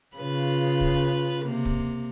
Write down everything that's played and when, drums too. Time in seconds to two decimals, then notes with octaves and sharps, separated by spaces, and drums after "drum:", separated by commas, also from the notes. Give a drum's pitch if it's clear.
0.17 C#3 F4 B4
0.81 drum: kick
1.45 C3 A#3
1.65 drum: kick